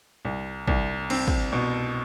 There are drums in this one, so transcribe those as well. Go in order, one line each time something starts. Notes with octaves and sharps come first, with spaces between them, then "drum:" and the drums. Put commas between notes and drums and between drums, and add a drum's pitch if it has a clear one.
C2
C2, drum: kick
C4, drum: cymbal
drum: kick
B2